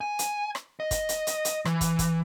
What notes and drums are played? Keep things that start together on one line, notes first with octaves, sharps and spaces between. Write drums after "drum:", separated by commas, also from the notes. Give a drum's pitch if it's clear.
G#5
drum: hi-hat
drum: rim click
D#5
drum: kick, hi-hat
drum: hi-hat
drum: hi-hat
drum: hi-hat
E3, drum: rim click
drum: kick, hi-hat
drum: kick, hi-hat